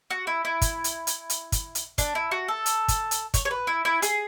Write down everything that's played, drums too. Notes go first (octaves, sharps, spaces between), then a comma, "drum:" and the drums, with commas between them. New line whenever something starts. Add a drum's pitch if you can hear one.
F#4
E4
E4
drum: kick, hi-hat
drum: hi-hat
drum: hi-hat
drum: hi-hat
drum: kick, hi-hat
drum: hi-hat
D4, drum: kick, hi-hat
E4
F#4
A4
drum: hi-hat
drum: kick, hi-hat
drum: hi-hat
C#5, drum: kick, hi-hat
C#5
B4
E4
E4
G#4, drum: hi-hat